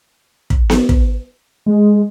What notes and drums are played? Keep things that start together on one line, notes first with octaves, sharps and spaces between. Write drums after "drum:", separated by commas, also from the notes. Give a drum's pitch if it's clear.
drum: kick
drum: snare B3
drum: kick
G#3